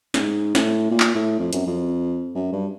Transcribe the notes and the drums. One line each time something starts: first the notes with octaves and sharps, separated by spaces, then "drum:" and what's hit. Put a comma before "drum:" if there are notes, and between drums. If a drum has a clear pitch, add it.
A2, drum: snare
G#2
A2, drum: snare
A#2
drum: clap
A2
F2
F#2, drum: hi-hat
F2
F#2
G2